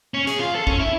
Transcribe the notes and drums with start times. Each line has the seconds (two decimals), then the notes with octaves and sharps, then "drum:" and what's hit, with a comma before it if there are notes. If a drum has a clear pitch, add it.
0.14 C#4
0.27 G#4, drum: hi-hat
0.40 F4
0.55 A4
0.67 C#4, drum: kick
0.79 E4